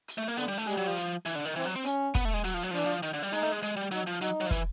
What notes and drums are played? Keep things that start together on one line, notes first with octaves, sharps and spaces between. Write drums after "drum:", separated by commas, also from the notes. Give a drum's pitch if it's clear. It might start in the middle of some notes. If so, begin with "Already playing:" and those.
drum: hi-hat
A3
A#3
D3 B3, drum: hi-hat
G3
A3
G3 G#3, drum: hi-hat
F#3
F3
drum: hi-hat
E3, drum: hi-hat
D3
D#3
E3 C4
F#3
C4
C#4, drum: hi-hat
B3, drum: kick, hi-hat
A3
G#3
F#3, drum: hi-hat
F3
F#3
F3
E3 D4, drum: hi-hat
F3
D#3, drum: hi-hat
D3
G3
G#3 D#4, drum: hi-hat
A3
G#3
G#3, drum: hi-hat
G3
F#3 D#4, drum: hi-hat
F3
F#3 D#4, drum: hi-hat
F#3
F3
E3, drum: kick, hi-hat